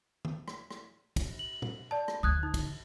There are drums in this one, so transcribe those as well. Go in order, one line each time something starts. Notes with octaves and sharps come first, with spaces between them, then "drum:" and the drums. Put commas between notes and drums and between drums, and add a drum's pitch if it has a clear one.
drum: tom D#3
drum: rim click
drum: rim click
drum: kick, cymbal
F#7
drum: tom
D5 A5
drum: rim click
D2 D#6 F#6 G#6
D#4
drum: kick, cymbal